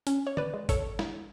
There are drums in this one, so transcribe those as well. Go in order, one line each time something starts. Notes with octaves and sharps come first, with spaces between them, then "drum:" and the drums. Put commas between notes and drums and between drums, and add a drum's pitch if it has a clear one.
C#4, drum: hi-hat
C#5
B4 D5, drum: tom
G#3
A4 C#5, drum: kick G1, hi-hat
E4, drum: snare